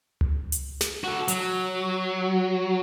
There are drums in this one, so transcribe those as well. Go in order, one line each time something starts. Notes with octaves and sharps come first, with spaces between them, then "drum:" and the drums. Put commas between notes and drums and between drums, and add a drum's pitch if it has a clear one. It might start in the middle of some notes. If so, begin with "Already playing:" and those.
drum: tom C#2
drum: hi-hat
drum: snare
F#4 A4
F#3, drum: hi-hat